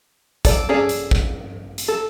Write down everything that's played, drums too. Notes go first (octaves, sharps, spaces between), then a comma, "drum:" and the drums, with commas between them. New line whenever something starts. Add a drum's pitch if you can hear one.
A4 D5, drum: kick, hi-hat
C#4 G#4 A4 D5
drum: hi-hat
drum: kick
drum: hi-hat
A4